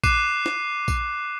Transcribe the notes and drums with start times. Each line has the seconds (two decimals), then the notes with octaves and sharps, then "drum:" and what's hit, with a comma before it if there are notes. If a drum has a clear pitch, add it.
0.04 D6 F#6 C7 D#7 E7, drum: kick A#1, tambourine
0.46 drum: snare
0.88 drum: kick A#1, tambourine